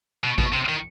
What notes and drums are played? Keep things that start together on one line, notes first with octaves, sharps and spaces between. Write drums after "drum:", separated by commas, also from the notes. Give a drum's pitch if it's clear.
B2
B2, drum: kick G#1
C3
D#3